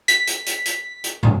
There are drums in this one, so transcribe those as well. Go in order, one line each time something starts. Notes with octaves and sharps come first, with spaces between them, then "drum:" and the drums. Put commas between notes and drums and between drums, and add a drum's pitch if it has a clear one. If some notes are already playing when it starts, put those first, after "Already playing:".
B6, drum: hi-hat
drum: hi-hat
drum: hi-hat
drum: hi-hat
drum: hi-hat
drum: tom